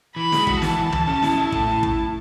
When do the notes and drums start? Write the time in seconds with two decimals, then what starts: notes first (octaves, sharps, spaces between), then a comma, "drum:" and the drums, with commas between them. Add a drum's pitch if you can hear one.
0.16 E3 B5
0.32 G#3, drum: snare
0.47 F#4, drum: kick
0.62 E3 A5, drum: snare
0.77 E3
0.92 E3, drum: tom
1.07 C#4
1.23 E4, drum: snare
1.38 E4
1.52 A2 A5, drum: kick
1.68 E4
1.83 drum: kick